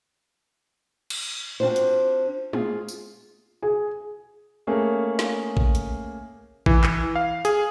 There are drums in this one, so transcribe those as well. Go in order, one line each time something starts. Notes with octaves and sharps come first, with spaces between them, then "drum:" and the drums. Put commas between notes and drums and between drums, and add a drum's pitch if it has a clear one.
drum: cymbal
C4 D4 F4 F#4 C5
drum: hi-hat
F4 G#4, drum: tom G#3
drum: tambourine
G#4
A3 A#3 C#4 G#4
drum: snare
drum: kick A1
drum: hi-hat
E3, drum: kick A1
drum: clap
F5
G#4, drum: hi-hat